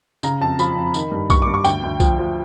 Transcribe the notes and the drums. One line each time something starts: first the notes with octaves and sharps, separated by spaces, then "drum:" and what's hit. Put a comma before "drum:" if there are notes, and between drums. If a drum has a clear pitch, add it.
C#3 A#5, drum: tambourine
F2 A5
F3 B5, drum: tambourine
F2
D#3, drum: tambourine
G2
G2 C#6, drum: kick B1, tambourine
G2 D6
C#6
D2 G5, drum: tambourine
D2
F3, drum: kick B1, tambourine
F3